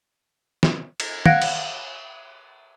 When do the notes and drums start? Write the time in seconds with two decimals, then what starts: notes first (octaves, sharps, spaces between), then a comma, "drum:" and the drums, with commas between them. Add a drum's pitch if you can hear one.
0.63 drum: snare
1.00 drum: cymbal
1.26 F5 F#5 F#6 G#6 A#6 D7, drum: tom
1.42 drum: cymbal